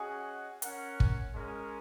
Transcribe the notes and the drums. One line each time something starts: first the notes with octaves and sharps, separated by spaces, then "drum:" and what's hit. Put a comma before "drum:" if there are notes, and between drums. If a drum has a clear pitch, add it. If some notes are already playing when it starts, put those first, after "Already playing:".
Already playing: C#4 F#4 G#4 D#5 F#5
C#4 A#4 F#5, drum: hi-hat
drum: kick
G#3 C#4 A#4